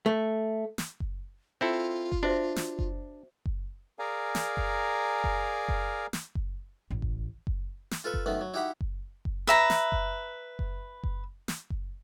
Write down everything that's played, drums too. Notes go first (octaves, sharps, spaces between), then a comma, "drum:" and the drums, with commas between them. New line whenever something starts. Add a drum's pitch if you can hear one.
A3
drum: snare
drum: kick F#1
C4 E4 F4 A4
drum: kick F#1
D4 F#4 C5 E5
drum: snare
drum: kick F#1
drum: kick F#1
G#4 A#4 D5 F5 G#5 A#5
drum: snare
drum: kick F#1
drum: kick F#1
drum: kick F#1
drum: snare
drum: kick F#1
A1
drum: kick F#1
drum: kick F#1
drum: snare
F4 A4 B4 C#6
drum: kick F#1
F#2 D#3 A3 B3
F#3
D#4 E4 F#4 G4 F#5 B5
drum: kick F#1
drum: kick F#1
B4 E5 A#5
drum: snare
drum: kick F#1
drum: kick F#1
drum: kick F#1
drum: snare
drum: kick F#1